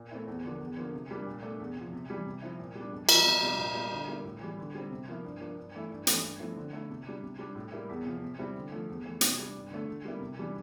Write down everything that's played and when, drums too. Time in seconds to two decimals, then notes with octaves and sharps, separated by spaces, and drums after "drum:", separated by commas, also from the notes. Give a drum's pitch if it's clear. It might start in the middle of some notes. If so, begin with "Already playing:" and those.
Already playing: A#2
0.11 A3 C4 E4
0.27 E2
0.44 D3 F3 A#3 D4
0.61 E2
0.77 D3 F3 A#3
0.94 C3
1.11 G3 A#3 D4
1.27 A#2
1.43 A3 D4
1.60 E2
1.76 C3 F3
1.93 C3
2.10 E3 G3
2.26 C3
2.42 F3 C4 E4
2.59 A#2
2.75 G3
2.80 D4
2.93 F2
3.09 E3 G3, drum: cymbal
3.25 F2
3.42 C3 G3 D4
3.58 A#2
3.74 G3 A#3 E4
3.92 D3
4.08 G3 A#3 E4
4.25 A2
4.41 E3 G3
4.58 D3
4.75 G3 C4
4.91 C3
5.08 F3 A#3 E4
5.24 G2
5.41 F3 A#3 D4
5.58 G2
5.74 E3 A3 E4
5.90 G2
6.07 E3 A3 E4, drum: hi-hat
6.23 G2
6.40 F3 A3 C4 E4
6.56 D3
6.73 A3 E4
6.90 C3
7.06 G3 D4
7.23 C3
7.39 G3 D4
7.55 A2
7.72 G3 A#3 E4
7.89 E2
8.05 C3 F3
8.22 C3
8.39 G3 C4 E4
8.55 D3
8.72 F3 A3
8.89 E2
9.05 E3 A3
9.21 C3, drum: hi-hat
9.38 G3 D4
9.55 G2
9.71 D3 A3
9.88 D3
10.05 G3 A#3 E4
10.20 C3
10.38 E3 G3 D4